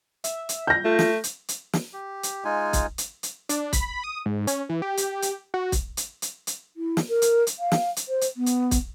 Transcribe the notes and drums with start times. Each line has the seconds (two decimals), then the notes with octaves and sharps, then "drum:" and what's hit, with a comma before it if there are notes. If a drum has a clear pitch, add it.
0.24 E5, drum: hi-hat
0.49 drum: hi-hat
0.67 G6 A#6
0.85 A3 F4
0.99 drum: snare
1.24 drum: hi-hat
1.49 drum: hi-hat
1.73 drum: snare
1.93 G4
2.23 drum: hi-hat
2.45 G#3 D#4 F4 G#5
2.73 drum: kick, hi-hat
2.98 drum: hi-hat
3.23 drum: hi-hat
3.49 D4, drum: hi-hat
3.73 B5, drum: kick, hi-hat
4.04 D#6
4.26 G#2
4.47 C#4, drum: hi-hat
4.69 E3
4.82 G4
4.97 drum: hi-hat
5.22 drum: hi-hat
5.54 F#4
5.72 drum: kick, hi-hat
5.97 drum: hi-hat
6.22 drum: hi-hat
6.47 drum: hi-hat
6.77 E4
6.97 drum: snare
7.09 A#4
7.22 drum: hi-hat
7.47 drum: hi-hat
7.59 F5
7.72 drum: snare
7.96 drum: hi-hat
8.08 C5
8.21 drum: hi-hat
8.37 B3
8.46 drum: hi-hat
8.71 drum: kick, hi-hat